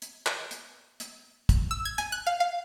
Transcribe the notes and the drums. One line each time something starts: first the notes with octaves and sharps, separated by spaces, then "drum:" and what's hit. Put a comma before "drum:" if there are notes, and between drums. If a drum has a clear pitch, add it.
drum: hi-hat
drum: clap
drum: hi-hat
drum: hi-hat
drum: kick, hi-hat
E6
G#6
G#5, drum: hi-hat
F#6
F5
F5